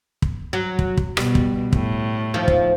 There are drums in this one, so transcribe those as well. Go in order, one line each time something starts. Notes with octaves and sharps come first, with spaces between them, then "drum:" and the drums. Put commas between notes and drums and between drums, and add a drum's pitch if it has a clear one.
drum: kick
F#3
drum: kick
drum: kick
B2 G3, drum: rim click
drum: kick
A2, drum: kick
D#2 F3
drum: kick